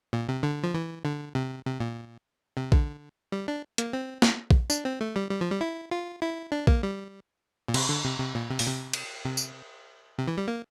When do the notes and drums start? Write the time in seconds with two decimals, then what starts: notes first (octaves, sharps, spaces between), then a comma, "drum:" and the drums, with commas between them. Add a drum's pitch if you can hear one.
0.13 A#2
0.29 C3
0.43 D3
0.63 F3
0.74 E3
1.05 D3
1.35 C3
1.65 C3
1.80 A#2
2.57 C3
2.72 D3, drum: kick A#1
3.32 G3
3.48 D4
3.78 A#3, drum: hi-hat
3.93 C4
4.22 drum: snare
4.51 drum: kick A#1
4.70 D4, drum: tambourine
4.85 C4
5.01 A3
5.16 G3
5.31 G3
5.41 F3
5.51 G3
5.61 E4
5.91 F4
6.22 E4
6.52 D4
6.67 A#3, drum: kick A#1
6.83 G3
7.68 A#2
7.74 C3, drum: cymbal
7.89 D3
8.05 C3
8.20 C3
8.35 A#2
8.50 C3
8.59 A#2, drum: open hi-hat
8.67 C3
8.93 drum: cymbal
9.26 C3
9.37 drum: tambourine
10.18 C3
10.28 E3
10.38 G3
10.48 A#3